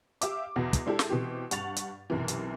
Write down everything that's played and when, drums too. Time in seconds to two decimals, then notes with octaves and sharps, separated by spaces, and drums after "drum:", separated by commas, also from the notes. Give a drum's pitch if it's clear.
0.21 G4 E5 F5 D6, drum: hi-hat
0.56 E2 B2 F#4 A#6
0.73 drum: kick, hi-hat
0.86 G#3 D4 E4 G4 A4
0.99 drum: snare
1.09 B2 E3 C4 G4
1.51 G2 F#5 C#6 A6 F7, drum: hi-hat
1.76 drum: hi-hat
2.10 B1 F#2 C3 E3
2.28 drum: hi-hat